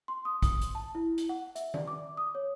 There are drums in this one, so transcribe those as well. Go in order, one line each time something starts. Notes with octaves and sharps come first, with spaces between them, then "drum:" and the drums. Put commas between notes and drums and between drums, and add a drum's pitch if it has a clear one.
C6
D#6
D#6, drum: kick, hi-hat
drum: hi-hat
A5
E4
drum: hi-hat
F#5
E5, drum: hi-hat
D5, drum: tom D#3
D6
D#6
C#5